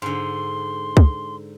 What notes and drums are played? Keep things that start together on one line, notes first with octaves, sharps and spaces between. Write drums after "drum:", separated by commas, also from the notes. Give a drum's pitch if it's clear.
G#2 D3 C6
drum: kick